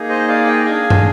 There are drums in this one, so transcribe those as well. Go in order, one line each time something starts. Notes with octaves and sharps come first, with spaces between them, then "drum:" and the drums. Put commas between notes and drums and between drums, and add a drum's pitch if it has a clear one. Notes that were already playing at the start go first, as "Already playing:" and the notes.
Already playing: A#3 D#4 G#4
C5 D#5
D5 F5
D#5 G5
D4 G#4 F5 G#5
drum: tom